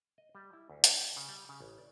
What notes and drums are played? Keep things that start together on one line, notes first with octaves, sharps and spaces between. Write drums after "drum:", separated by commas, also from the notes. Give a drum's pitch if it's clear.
D#5
G3
E4
D2
D4, drum: hi-hat
D5
C#3
G3
C#3
A1
D5